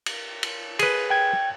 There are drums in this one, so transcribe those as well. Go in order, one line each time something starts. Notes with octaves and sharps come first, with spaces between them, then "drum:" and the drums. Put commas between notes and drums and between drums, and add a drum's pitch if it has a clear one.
drum: cymbal
drum: cymbal
G#4 B4, drum: cymbal
G5 G#6